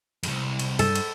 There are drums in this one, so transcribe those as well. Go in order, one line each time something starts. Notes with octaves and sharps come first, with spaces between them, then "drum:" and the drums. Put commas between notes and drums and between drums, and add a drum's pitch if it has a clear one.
C2 F2, drum: cymbal
drum: cymbal
G2 G3 A4, drum: cymbal
drum: cymbal